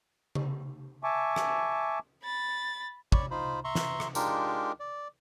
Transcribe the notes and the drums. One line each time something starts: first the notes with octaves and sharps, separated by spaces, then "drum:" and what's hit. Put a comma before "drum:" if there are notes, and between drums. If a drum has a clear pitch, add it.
drum: tom C#3
E5 G#5 A5 C#6 D6
drum: rim click
B5 A6
C#5 D5 B5 C#6, drum: kick
D#4 F4 C5 B5
E5 A#5 C6 C#6
drum: snare
drum: rim click
G#3 D4 D#4 F4 G4 A#4, drum: tambourine
D5